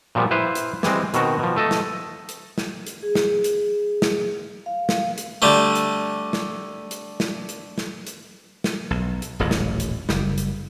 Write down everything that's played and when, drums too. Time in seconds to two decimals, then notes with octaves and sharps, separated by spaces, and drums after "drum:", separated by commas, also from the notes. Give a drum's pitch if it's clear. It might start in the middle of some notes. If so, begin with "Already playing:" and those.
0.15 A#2 F3 G3 B3
0.31 E4 B4 C5 E5 F5
0.55 drum: hi-hat
0.83 E3 G3 G#3 C4, drum: snare
1.14 B2 D#3 C4 F#4, drum: hi-hat
1.39 B2 F3
1.56 A3 A4 D#5
1.71 drum: snare
2.29 drum: hi-hat
2.58 drum: snare
2.87 drum: hi-hat
3.03 G#4
3.15 drum: snare
3.44 drum: hi-hat
4.02 drum: snare
4.66 F5
4.89 drum: snare
5.18 drum: hi-hat
5.42 D3 G3 A3
5.75 drum: hi-hat
6.33 drum: snare
6.91 drum: hi-hat
7.20 drum: snare
7.49 drum: hi-hat
7.78 drum: snare
8.07 drum: hi-hat
8.64 drum: snare
8.91 B1
9.22 drum: hi-hat
9.40 D#1 A1 F2 G#2
9.51 drum: snare
9.80 drum: hi-hat
10.09 F#1 G3, drum: snare
10.38 drum: hi-hat